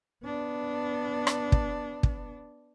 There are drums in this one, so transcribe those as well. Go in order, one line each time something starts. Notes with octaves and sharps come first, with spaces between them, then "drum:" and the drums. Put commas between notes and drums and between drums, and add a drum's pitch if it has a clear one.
B3 D4
drum: rim click
drum: kick
drum: kick